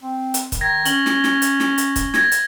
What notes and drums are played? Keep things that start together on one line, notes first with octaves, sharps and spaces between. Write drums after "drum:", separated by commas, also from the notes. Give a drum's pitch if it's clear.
C4
drum: hi-hat
drum: kick, hi-hat
D#3 G#6 A#6
C#4 F#7 G7, drum: hi-hat
drum: snare
drum: snare
drum: hi-hat
drum: snare
drum: hi-hat
drum: kick, hi-hat
G#6 A#6, drum: snare
drum: hi-hat